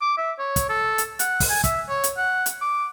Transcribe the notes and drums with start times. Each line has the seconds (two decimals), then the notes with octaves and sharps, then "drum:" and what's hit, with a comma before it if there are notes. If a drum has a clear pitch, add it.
0.01 D6
0.17 E5
0.39 C#5
0.56 drum: kick, hi-hat
0.69 A4
0.98 drum: hi-hat
1.19 F#5, drum: hi-hat
1.40 drum: kick, open hi-hat
1.50 G#5
1.64 E5, drum: kick, hi-hat
1.89 C#5
2.04 drum: hi-hat
2.17 F#5
2.46 drum: hi-hat
2.61 D6